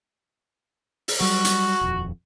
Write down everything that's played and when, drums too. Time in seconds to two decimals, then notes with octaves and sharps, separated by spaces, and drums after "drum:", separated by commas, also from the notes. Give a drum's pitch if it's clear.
1.08 drum: open hi-hat
1.20 F#3 G3 F#4
1.45 drum: hi-hat
1.81 D#1 F2